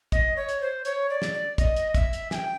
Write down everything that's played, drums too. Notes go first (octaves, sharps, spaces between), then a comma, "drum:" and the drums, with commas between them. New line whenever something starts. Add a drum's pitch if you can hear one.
D#5, drum: kick, hi-hat
C#5
drum: hi-hat
C5
C#5, drum: hi-hat
D5
drum: snare
D5
D#5, drum: kick, hi-hat
drum: hi-hat
E5, drum: kick, hi-hat
drum: hi-hat
G#5, drum: snare
G5